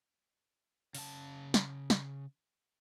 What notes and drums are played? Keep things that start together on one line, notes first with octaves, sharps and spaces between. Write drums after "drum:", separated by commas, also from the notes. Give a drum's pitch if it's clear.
C#3 A5, drum: open hi-hat
drum: snare
drum: snare